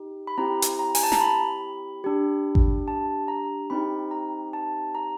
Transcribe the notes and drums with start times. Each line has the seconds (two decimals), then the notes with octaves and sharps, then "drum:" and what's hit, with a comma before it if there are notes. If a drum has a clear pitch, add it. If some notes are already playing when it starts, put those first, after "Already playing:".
Already playing: D#4 G4
0.27 B5
0.38 C4 E4 G4 A#5
0.62 drum: hi-hat
0.79 A#5
0.95 G#5, drum: open hi-hat
1.03 A5
1.12 A#5, drum: snare
1.21 B5
2.04 D4 G4
2.55 drum: kick G#1
2.88 A5
3.28 A#5
3.70 C4 D#4 G4 B5
4.11 A#5
4.53 A5
4.95 A#5